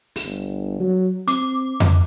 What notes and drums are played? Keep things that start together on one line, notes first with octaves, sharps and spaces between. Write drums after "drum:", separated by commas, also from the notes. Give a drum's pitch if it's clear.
drum: open hi-hat
G1
F#3
C4 D6, drum: hi-hat
drum: tom F2